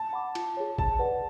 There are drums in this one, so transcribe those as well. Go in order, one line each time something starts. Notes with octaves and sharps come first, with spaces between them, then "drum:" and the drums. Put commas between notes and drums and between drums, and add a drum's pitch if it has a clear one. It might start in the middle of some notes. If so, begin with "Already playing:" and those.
Already playing: A5
F#5 B5 D6
F4, drum: cymbal
G#4 C#5
D#4 A5, drum: kick G#1
G#4 B4 D5 F#5